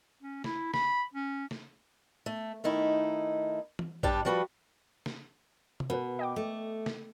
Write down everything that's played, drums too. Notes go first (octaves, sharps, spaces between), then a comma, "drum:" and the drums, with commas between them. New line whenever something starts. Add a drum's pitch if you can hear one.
C#4
E4, drum: snare
B5, drum: snare
C#4
drum: snare
A3
D#3 A3 D#4 E4
drum: tom E3
G2 G3 D4 G4 A5, drum: kick A1
F3 G3 F#4 B4
drum: snare
drum: tom
B2 A#4 B4
D#5 G5 D6
A3
drum: snare